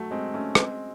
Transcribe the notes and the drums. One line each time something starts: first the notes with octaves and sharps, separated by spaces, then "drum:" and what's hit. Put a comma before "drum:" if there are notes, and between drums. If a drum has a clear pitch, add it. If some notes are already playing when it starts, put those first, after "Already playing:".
Already playing: F#3 A3
G#3 C4
A3 C#4
G#3 C4, drum: rim click